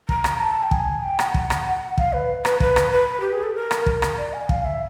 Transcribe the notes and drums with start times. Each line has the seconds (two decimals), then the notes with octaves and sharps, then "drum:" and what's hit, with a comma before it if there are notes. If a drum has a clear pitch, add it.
0.09 A#5, drum: kick
0.24 drum: rim click
0.40 A5
0.63 G5
0.71 G#5, drum: kick
1.03 G5
1.19 F#5, drum: rim click
1.34 drum: kick
1.50 drum: rim click
1.98 F5, drum: kick
2.13 B4
2.45 B4, drum: rim click
2.60 B4, drum: kick
2.76 drum: rim click
2.92 B4
3.20 G4
3.32 G#4
3.43 A4
3.55 A#4
3.71 drum: rim click
3.86 drum: kick
4.02 drum: rim click
4.18 D5
4.34 G#5
4.49 F5, drum: kick
4.65 E5